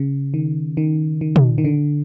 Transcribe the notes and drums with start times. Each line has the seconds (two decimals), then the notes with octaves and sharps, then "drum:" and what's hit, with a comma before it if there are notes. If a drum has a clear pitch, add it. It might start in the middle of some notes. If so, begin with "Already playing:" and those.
Already playing: C#3
0.34 D#3
0.77 D#3
1.21 D#3
1.36 drum: tom
1.58 D#3
1.65 D3